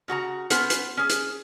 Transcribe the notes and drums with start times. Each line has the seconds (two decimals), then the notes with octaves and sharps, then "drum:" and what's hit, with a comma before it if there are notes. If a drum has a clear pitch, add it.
0.08 C#3 F#4 G#4 A#5
0.50 B3 C#4 C5, drum: hi-hat
0.70 drum: hi-hat
0.97 C#4 G#4
1.10 drum: hi-hat